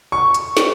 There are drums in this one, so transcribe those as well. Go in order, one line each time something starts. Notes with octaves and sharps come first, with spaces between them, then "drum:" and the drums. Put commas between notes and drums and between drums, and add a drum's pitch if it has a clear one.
C#6
drum: hi-hat
drum: snare